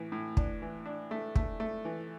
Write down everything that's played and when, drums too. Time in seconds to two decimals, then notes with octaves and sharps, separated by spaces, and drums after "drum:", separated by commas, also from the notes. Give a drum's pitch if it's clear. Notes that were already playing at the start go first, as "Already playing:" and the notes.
Already playing: A2 E3
0.12 A2
0.37 D4, drum: kick
0.62 E3
0.86 D4
1.11 A3
1.35 A3, drum: kick
1.60 A3
1.85 E3